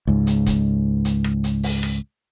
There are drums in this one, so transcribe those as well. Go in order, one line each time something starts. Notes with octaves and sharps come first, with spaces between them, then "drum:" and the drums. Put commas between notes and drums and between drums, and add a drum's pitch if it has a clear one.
C#2 G#2
drum: hi-hat
drum: kick, hi-hat
drum: hi-hat
drum: rim click
drum: hi-hat
drum: open hi-hat
drum: rim click